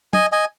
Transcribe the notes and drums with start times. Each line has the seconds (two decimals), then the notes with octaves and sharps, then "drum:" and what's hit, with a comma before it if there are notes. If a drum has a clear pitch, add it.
0.13 D#5 G#5, drum: tom
0.32 D#5 G#5